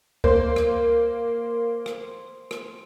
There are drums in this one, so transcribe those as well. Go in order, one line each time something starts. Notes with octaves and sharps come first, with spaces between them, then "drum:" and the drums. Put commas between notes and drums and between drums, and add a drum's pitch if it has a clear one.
A#3 C5, drum: kick C#2
drum: rim click
drum: rim click
drum: rim click